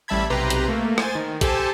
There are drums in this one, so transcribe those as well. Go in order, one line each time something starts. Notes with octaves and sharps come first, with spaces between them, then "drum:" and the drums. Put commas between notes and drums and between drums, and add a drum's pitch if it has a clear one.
A1 G3 E5 A5 B5 G#6
B1 C3 G4 B4 A#5 C6
drum: hi-hat
A3 A#3
C5 G#5 A6, drum: rim click
D#3
G4 A4 C5 G#5 A5, drum: kick, hi-hat